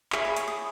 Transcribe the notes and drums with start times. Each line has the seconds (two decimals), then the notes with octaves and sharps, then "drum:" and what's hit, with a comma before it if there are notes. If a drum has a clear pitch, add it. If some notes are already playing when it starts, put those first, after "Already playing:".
0.12 E4 G#4 C#5 C#6, drum: clap
0.25 B5
0.37 C#6, drum: hi-hat
0.48 D#6